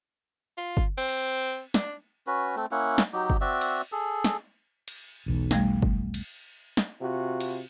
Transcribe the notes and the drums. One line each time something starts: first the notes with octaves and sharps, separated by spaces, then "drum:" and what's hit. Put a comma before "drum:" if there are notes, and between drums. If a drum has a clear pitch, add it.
F4
drum: kick G1
C4
drum: cymbal
D4, drum: snare
C#4 F#4 B4
A3 C4
A#3 C#4 E4 F#5
drum: snare
F#3 D#4 G4
drum: kick G1
C4 F#4 D5 E5
drum: cymbal
G#4 A4
drum: snare
drum: cymbal
E1 B1 E3
F3 G3 A3, drum: snare
drum: kick G1
drum: cymbal
drum: snare
C3 F4 F#4
drum: cymbal